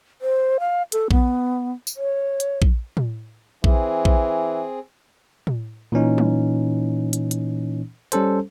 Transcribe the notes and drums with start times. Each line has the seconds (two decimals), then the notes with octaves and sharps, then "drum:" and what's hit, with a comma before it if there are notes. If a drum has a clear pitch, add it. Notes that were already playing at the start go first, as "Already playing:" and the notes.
0.21 C5
0.60 F5
0.92 A4, drum: hi-hat
1.11 B3, drum: kick A#1
1.87 drum: tambourine
1.97 C#5
2.40 drum: hi-hat
2.62 drum: kick A#1
2.97 drum: tom A2
3.64 E3 C4 G#4, drum: kick A#1
4.05 drum: kick A#1
5.47 drum: tom A2
5.92 A#2 E3 C#4 D#4
6.18 drum: tom F#3
7.13 drum: hi-hat
7.31 drum: hi-hat
8.12 G3 C#4 A4 C5, drum: hi-hat